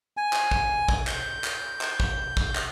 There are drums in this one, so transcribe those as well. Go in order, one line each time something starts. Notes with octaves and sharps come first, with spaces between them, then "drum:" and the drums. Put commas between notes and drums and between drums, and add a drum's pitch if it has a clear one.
G#5
drum: clap
drum: kick
drum: kick
G6, drum: clap
drum: clap
drum: clap
drum: kick
drum: kick
drum: clap